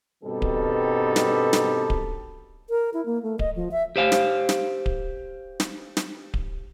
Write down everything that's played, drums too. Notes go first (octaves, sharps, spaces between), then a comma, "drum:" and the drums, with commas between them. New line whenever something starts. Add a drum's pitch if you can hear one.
G2 B2 D#3 G3 C4 A4
drum: kick D1
drum: snare
drum: snare
drum: kick D1
A#4
E4
A#3
A3
D#5, drum: kick D1
F3
E5
G4 C5 F5
drum: snare
drum: snare
drum: kick D1
drum: snare
drum: snare
drum: kick D1